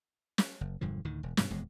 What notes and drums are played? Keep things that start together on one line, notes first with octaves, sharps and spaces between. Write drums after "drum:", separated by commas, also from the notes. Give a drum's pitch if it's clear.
drum: snare
F#1
E1 G2 D3 F3
D2 A2 D#3
E1
G2 B2 D#3, drum: snare
D#1 E2 G#3